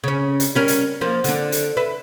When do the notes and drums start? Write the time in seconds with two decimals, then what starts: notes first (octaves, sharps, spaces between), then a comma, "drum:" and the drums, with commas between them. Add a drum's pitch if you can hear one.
0.04 C#3 C#4
0.40 drum: hi-hat
0.55 G3 C#4 A#4
0.68 drum: hi-hat
1.01 F3 A#3
1.24 D3 D4, drum: hi-hat
1.52 drum: hi-hat
1.77 B4 E5